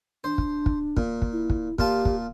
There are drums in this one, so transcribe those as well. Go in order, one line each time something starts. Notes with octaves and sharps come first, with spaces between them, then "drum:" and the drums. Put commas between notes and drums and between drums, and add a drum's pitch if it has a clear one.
D4 C5
drum: kick
drum: kick
A#2, drum: kick
drum: kick
E4
drum: kick
A#2 F4 G4 A5, drum: kick
drum: kick